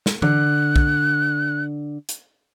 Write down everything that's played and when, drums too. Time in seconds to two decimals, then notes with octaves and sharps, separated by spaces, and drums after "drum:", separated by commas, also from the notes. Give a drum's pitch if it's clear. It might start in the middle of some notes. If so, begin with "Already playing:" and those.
0.06 drum: snare
0.22 D3 F#6, drum: tom E3
0.76 drum: kick
2.09 drum: hi-hat